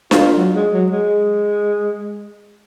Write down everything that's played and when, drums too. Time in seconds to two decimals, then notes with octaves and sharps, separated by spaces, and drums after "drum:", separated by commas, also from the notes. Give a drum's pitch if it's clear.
0.11 F4, drum: snare D4
0.36 F#3
0.54 G#3
0.73 F#3
0.91 G#3